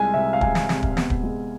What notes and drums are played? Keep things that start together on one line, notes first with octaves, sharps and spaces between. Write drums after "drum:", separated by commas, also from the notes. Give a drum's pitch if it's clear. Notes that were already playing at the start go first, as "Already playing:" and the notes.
Already playing: C2 G#3 G#5
C3 E5
F5
G#3 G#5, drum: kick
drum: snare
C3, drum: snare
drum: kick
B3, drum: snare
drum: kick
G#3